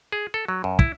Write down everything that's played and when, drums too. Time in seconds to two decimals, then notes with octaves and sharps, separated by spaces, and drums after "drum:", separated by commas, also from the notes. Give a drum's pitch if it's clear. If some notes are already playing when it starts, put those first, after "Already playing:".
0.12 G#4
0.34 A4
0.48 F#3
0.64 F#2
0.79 E4, drum: kick